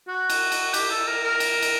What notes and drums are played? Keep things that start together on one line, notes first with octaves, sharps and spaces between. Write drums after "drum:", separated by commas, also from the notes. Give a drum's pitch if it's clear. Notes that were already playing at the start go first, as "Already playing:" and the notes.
F#4
drum: cymbal
drum: cymbal
G4, drum: cymbal
A4
A#4
A#4
drum: cymbal
drum: cymbal